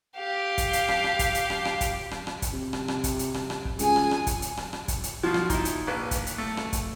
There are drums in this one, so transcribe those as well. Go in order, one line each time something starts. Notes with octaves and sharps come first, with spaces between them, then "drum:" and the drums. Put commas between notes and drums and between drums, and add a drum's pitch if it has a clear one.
G4 F5
drum: kick, hi-hat
drum: hi-hat
drum: rim click
drum: rim click
drum: kick, hi-hat
drum: hi-hat
drum: rim click
drum: rim click
drum: kick, hi-hat
drum: rim click
drum: rim click
drum: kick, hi-hat
C3
drum: rim click
drum: rim click
drum: kick, hi-hat
drum: hi-hat
drum: rim click
drum: rim click
drum: kick
C#2 G#4 G#5, drum: hi-hat
drum: rim click
drum: rim click
drum: kick, hi-hat
drum: hi-hat
drum: rim click
drum: rim click
drum: kick, hi-hat
drum: hi-hat
B2 F3
drum: rim click
D#4 E4, drum: kick, hi-hat
drum: hi-hat
A#1 B4
drum: kick, hi-hat
drum: hi-hat
A3
drum: rim click
drum: kick, hi-hat